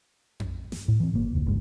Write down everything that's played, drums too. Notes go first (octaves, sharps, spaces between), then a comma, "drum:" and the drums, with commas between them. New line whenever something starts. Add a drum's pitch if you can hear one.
drum: tom F2
drum: snare
A2
E3 C4
G1 A#3
F1 D2
G#1 C#2 G2 G#3